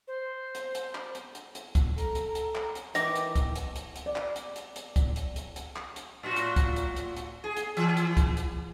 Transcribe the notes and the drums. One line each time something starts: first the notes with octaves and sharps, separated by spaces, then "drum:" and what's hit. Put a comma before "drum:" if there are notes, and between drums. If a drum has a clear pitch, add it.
C5
drum: hi-hat
drum: hi-hat
drum: clap
drum: hi-hat
drum: hi-hat
drum: hi-hat
drum: kick, hi-hat
A4 A#5, drum: hi-hat
drum: hi-hat
drum: hi-hat
drum: clap
drum: hi-hat
D#3 E3 D6 A#6, drum: hi-hat
drum: hi-hat
drum: kick, hi-hat
drum: hi-hat
drum: hi-hat
drum: hi-hat
D5
drum: clap
drum: hi-hat
drum: hi-hat
drum: hi-hat
drum: kick, hi-hat
drum: hi-hat
drum: hi-hat
drum: hi-hat
drum: clap
drum: hi-hat
A2 F4 F#4
drum: hi-hat
drum: kick, hi-hat
drum: hi-hat
drum: hi-hat
drum: hi-hat
G#4
drum: hi-hat
E3, drum: hi-hat
drum: hi-hat
drum: kick, hi-hat
drum: hi-hat